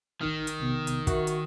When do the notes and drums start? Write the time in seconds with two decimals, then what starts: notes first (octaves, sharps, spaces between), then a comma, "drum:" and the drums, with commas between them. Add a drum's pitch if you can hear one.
0.21 A1 D#3 D#4 F6
0.47 drum: hi-hat
0.59 A#1 C3 B3
0.87 drum: hi-hat
1.07 F#4 A#4 E5, drum: kick, hi-hat
1.27 drum: hi-hat